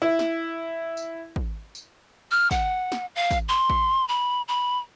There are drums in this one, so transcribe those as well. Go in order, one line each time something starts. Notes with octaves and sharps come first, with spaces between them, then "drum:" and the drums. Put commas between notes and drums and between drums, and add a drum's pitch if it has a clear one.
E4
drum: snare
drum: tambourine
drum: kick
drum: tambourine
F6
F#5, drum: kick, tambourine
drum: snare
F5
drum: kick, tambourine
C6
drum: kick
B5
B5